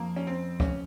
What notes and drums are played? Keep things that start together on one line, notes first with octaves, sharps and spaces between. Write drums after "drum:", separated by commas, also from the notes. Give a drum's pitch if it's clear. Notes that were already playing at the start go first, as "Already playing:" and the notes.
Already playing: F2 A#3
C#4
C4
C#4, drum: kick